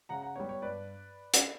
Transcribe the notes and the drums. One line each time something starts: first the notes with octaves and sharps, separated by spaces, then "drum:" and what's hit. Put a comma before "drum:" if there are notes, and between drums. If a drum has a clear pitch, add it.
C#3 F#5 A#5
F#5 A#5
G3 B3 C#5
C#5
G2 B4 D5
drum: hi-hat